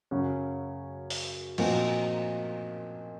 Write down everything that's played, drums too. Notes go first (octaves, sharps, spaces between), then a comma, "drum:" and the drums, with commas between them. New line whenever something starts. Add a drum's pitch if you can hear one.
F#2 C#3 F#3 C#4 F#4
drum: open hi-hat
A#2 F3 C4 D#4 F#4, drum: cymbal